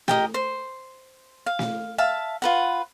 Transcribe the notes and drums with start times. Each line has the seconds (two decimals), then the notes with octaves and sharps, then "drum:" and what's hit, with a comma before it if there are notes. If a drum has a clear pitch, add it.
0.08 G4 A#4 D#5, drum: snare
0.34 C5
1.46 F5
1.59 drum: snare
1.98 E5 F5 A5
2.42 F4 B4 F#5